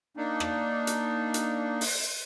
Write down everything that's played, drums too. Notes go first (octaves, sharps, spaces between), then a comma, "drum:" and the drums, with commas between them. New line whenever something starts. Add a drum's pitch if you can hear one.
A#3 D4 D#4
drum: rim click
drum: hi-hat
drum: hi-hat
drum: open hi-hat